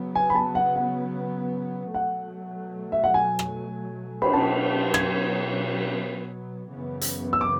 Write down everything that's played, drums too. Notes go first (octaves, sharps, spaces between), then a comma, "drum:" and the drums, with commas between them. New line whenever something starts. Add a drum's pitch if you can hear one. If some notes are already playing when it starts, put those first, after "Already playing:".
Already playing: C#3 F#3 B3
G#5
B5
A5
F#5
F#5
B2 F#3 A3 F#5
E5
F#5
G#5
drum: rim click
B5, drum: cymbal
B2 F#3 B3 A5
G#6, drum: rim click
F#2 C#3 E3 B3
drum: hi-hat
E6
D6